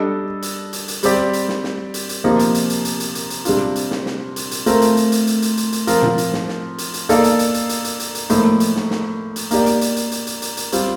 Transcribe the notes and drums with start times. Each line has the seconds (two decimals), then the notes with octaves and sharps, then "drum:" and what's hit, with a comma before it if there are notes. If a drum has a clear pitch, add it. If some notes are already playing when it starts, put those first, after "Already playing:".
Already playing: G3 D4 A4 D#5
0.42 drum: hi-hat
0.73 drum: hi-hat
0.88 drum: hi-hat
1.03 G3 C4 G4 D5, drum: hi-hat
1.33 drum: hi-hat
1.48 drum: snare
1.64 drum: snare
1.94 drum: hi-hat
2.09 drum: hi-hat
2.24 C3 F3 A#3 D#4
2.39 drum: hi-hat
2.54 drum: hi-hat
2.70 drum: hi-hat
2.85 drum: hi-hat
3.00 drum: hi-hat
3.15 drum: hi-hat
3.30 drum: hi-hat
3.45 C3 G3 D4 F4, drum: hi-hat
3.76 drum: hi-hat
3.91 drum: snare
4.06 drum: snare
4.36 drum: hi-hat
4.51 drum: hi-hat
4.66 A3 C4 F4 A#4, drum: hi-hat
4.82 drum: hi-hat
4.97 drum: hi-hat
5.12 drum: hi-hat
5.27 drum: hi-hat
5.42 drum: hi-hat
5.57 drum: hi-hat
5.72 drum: hi-hat
5.87 F3 C4 F4 A#4, drum: hi-hat
6.03 drum: tom A2
6.18 drum: hi-hat
6.33 drum: snare
6.48 drum: snare
6.78 drum: hi-hat
6.94 drum: hi-hat
7.09 A#3 D#4 A4 D5 F5, drum: hi-hat
7.24 drum: hi-hat
7.39 drum: hi-hat
7.54 drum: hi-hat
7.69 drum: hi-hat
7.84 drum: hi-hat
8.00 drum: hi-hat
8.15 drum: hi-hat
8.29 A2 F3 A#3 D#4, drum: hi-hat
8.60 drum: hi-hat
8.75 drum: snare
8.90 drum: snare
9.36 drum: hi-hat
9.51 A#3 D#4 G4 D5, drum: hi-hat
9.66 drum: hi-hat
9.81 drum: hi-hat
9.96 drum: hi-hat
10.11 drum: hi-hat
10.27 drum: hi-hat
10.42 drum: hi-hat
10.57 drum: hi-hat
10.72 G3 C4 F4, drum: hi-hat